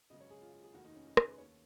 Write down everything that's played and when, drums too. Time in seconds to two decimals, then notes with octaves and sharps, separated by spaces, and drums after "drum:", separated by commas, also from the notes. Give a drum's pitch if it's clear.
0.10 G#1 F#2 C#3 D#5
0.21 C#5
0.30 G#4
0.42 F4
0.53 F4
0.64 G#4
0.73 F1 D#2 D#3 F#4
0.85 D#4
0.96 C#4
1.06 D#4
1.17 G#4, drum: rim click
1.27 B4
1.38 D#2 D#3 C#5